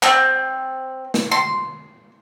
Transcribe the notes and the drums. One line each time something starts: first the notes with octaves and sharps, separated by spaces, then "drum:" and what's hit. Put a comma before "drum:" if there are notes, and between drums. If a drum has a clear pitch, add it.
C4, drum: clap
drum: snare
C6